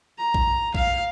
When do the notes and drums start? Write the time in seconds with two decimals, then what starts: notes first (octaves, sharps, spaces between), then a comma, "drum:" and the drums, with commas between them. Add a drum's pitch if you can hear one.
0.18 A#5
0.34 drum: kick A#1
0.74 F5, drum: kick A#1